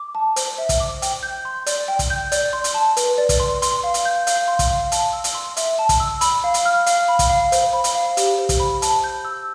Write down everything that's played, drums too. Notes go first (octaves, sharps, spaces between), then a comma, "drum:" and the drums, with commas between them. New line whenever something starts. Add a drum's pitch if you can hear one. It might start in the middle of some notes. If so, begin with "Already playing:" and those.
Already playing: D6
A5
C5, drum: hi-hat
E5
drum: kick, hi-hat
D6
G5, drum: hi-hat
G6
C6
D5, drum: hi-hat
G5
drum: kick, hi-hat
G6
D5, drum: hi-hat
C6
drum: hi-hat
A5
B4, drum: hi-hat
D5
drum: kick, hi-hat
C6
C6, drum: hi-hat
F5
drum: hi-hat
G6
F5, drum: hi-hat
C6
drum: kick, hi-hat
F5
A5, drum: hi-hat
E6
drum: hi-hat
C6
E5, drum: hi-hat
A5
drum: kick, hi-hat
E6
B5, drum: hi-hat
F5
drum: hi-hat
F6
F5, drum: hi-hat
B5
drum: kick, hi-hat
F5
C5, drum: hi-hat
B5
drum: hi-hat
F5
G4, drum: hi-hat
C5
drum: kick, hi-hat
B5
A5, drum: hi-hat
G6
E6